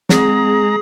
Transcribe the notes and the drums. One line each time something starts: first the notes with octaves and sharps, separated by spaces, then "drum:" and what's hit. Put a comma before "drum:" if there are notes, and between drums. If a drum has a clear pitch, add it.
G#3 C4 G#4 A#5, drum: snare